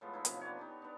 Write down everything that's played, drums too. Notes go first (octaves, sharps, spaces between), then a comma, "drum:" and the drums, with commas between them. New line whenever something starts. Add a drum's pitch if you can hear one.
A2 F3 G#3 B3
F#3 D#4 E4
C3 F3 A#3, drum: hi-hat
B3 D4 C#5
D#4 G4
B3 D4